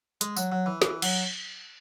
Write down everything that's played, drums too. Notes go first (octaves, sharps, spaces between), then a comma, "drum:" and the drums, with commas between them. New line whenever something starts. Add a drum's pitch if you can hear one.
G#3, drum: hi-hat
F#3, drum: tambourine
F#3
E3
E3, drum: snare
F#3, drum: cymbal